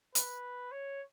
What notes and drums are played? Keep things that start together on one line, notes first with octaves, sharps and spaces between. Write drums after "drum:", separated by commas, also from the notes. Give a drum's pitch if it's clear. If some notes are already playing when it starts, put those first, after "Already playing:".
B4, drum: hi-hat
C#5